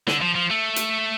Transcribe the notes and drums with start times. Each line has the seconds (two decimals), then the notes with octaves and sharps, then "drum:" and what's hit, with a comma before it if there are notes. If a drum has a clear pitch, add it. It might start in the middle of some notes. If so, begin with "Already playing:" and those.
0.07 D3, drum: snare
0.21 F3
0.36 F3
0.50 A3
0.76 drum: hi-hat